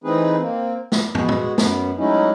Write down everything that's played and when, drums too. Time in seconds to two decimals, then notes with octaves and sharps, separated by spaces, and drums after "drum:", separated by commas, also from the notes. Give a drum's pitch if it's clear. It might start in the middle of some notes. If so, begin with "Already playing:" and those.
0.04 E3 A3 C4 D#4 G#4 B4
0.41 A#3 C4
0.92 B3, drum: snare
1.15 G#3 B3 F#4 G#4, drum: tom
1.29 drum: tom
1.58 F#2 B3, drum: snare
1.98 F#3 G#3 A3 C#4 D#4 E4